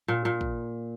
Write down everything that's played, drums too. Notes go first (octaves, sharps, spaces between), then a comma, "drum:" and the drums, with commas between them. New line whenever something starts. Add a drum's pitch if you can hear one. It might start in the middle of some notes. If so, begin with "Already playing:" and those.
A#2
A#2
drum: kick